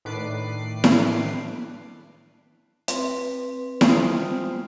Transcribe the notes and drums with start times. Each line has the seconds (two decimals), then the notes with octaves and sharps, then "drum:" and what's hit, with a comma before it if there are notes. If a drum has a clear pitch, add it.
0.05 A2 D#3 D4 B4 D6 C7
0.84 drum: snare E4
2.88 C4 B4, drum: hi-hat
3.81 G3 G#3 C4 F4 C5 D#6, drum: snare E4